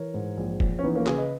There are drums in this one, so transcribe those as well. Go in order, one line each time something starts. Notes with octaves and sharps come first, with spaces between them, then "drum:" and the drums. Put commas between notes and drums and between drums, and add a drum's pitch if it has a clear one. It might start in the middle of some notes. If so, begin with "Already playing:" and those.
Already playing: E3 A#4 C#5
G#2
A#1
A#1, drum: kick
C#4
E3 B3 D#4
A#3 C#4
A#4
C#3 G#4 B4, drum: clap
B4 D#5